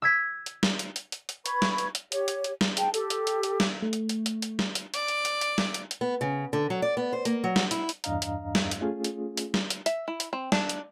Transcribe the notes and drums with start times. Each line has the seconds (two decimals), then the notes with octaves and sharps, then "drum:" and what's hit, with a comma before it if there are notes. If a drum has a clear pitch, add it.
0.02 E6 G#6 B6
0.46 drum: hi-hat
0.63 drum: snare
0.79 drum: hi-hat
0.96 drum: hi-hat
1.12 drum: hi-hat
1.29 drum: hi-hat
1.46 B4 B5 C#6 G#6, drum: hi-hat
1.62 drum: snare
1.78 drum: hi-hat
1.95 drum: hi-hat
2.12 G4 C#5, drum: hi-hat
2.28 drum: hi-hat
2.44 drum: hi-hat
2.61 drum: snare
2.77 G#4 G5 A5, drum: hi-hat
2.94 G4 A4, drum: hi-hat
3.10 drum: hi-hat
3.27 drum: hi-hat
3.43 drum: hi-hat
3.60 drum: snare
3.82 A3
3.93 drum: hi-hat
4.09 drum: hi-hat
4.26 drum: hi-hat
4.42 drum: hi-hat
4.59 drum: snare
4.75 drum: hi-hat
4.94 D5 D7, drum: hi-hat
5.08 drum: hi-hat
5.25 drum: hi-hat
5.41 drum: hi-hat
5.58 drum: snare
5.74 drum: hi-hat
5.91 drum: hi-hat
6.01 B3
6.21 C#3
6.53 D3
6.70 F#3
6.82 D5
6.97 B3
7.13 C5
7.25 A#3, drum: hi-hat
7.44 F#3
7.56 drum: snare
7.71 E4, drum: hi-hat
7.89 drum: hi-hat
8.04 E2 G2 D4 D#5 F5 A#5, drum: hi-hat
8.22 drum: hi-hat
8.55 drum: snare
8.71 drum: hi-hat
8.81 A3 C#4 F4 G#4
9.04 drum: hi-hat
9.37 drum: hi-hat
9.54 drum: snare
9.70 drum: hi-hat
9.86 E5, drum: hi-hat
10.08 E4
10.20 drum: hi-hat
10.33 C4
10.52 D4, drum: snare
10.69 drum: hi-hat